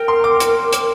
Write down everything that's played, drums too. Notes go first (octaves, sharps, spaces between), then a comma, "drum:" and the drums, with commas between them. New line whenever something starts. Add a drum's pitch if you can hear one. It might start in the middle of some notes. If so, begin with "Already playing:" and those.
Already playing: A#4 G5
C6
D6
drum: hi-hat
drum: hi-hat